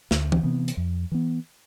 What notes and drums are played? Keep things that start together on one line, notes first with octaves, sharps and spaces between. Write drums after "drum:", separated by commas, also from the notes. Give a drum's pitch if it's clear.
D2, drum: snare
drum: tom E3
C3 E3 B3
drum: hi-hat
F2
E3 B3